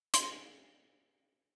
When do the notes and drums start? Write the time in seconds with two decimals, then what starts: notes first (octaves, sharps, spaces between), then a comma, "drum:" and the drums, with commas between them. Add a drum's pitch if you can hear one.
0.14 C6, drum: hi-hat